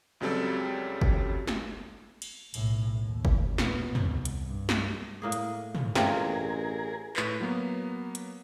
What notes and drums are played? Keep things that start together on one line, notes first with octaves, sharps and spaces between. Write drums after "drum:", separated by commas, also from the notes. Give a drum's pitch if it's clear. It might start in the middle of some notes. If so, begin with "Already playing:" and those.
C#2 C#3 F#3 G3 C4 A4
drum: kick
drum: snare
drum: cymbal
B1 A2, drum: cymbal
D#2
drum: kick
A#2 B3, drum: snare
C2, drum: tom
drum: hi-hat
G2
drum: snare
A2 A#3 G#4
drum: hi-hat
drum: tom
A1 C3 F4 G#4 A#4, drum: snare
A2 B4, drum: clap
F#3 A#3 B3
drum: hi-hat